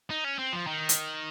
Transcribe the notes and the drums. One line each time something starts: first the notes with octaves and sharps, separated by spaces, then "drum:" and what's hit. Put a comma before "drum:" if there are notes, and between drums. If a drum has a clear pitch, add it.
D#4
C#4
C4
F3
D#3
drum: hi-hat